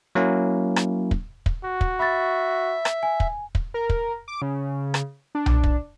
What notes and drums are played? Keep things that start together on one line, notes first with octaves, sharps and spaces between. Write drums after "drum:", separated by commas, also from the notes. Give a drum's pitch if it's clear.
F#3 A#3 C#4 E4
drum: rim click
drum: kick
drum: kick
F#4
drum: kick
E5 B5 C#6 A6
drum: rim click
G#5
drum: kick
drum: kick
A#4
drum: kick
D6
C#3
drum: rim click
D4
drum: tom B1
drum: kick